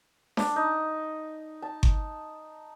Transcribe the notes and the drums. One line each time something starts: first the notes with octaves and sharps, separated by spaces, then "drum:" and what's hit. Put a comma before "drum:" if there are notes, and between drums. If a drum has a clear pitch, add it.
D4, drum: snare D4
D#4
A5
drum: kick G1